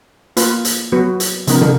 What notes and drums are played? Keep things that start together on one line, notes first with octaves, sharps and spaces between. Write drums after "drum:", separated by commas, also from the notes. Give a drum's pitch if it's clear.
A#3 F4 B4, drum: hi-hat
drum: hi-hat
F#3 B3 F#4 B4
drum: hi-hat
C#3 F3 B3 D#4 A#4, drum: hi-hat
drum: tom